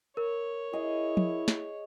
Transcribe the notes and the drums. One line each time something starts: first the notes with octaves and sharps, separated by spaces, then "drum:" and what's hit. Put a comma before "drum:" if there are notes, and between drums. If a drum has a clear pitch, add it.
A#4 C#5
E4 G#4 D#5 G#5
drum: tom
drum: snare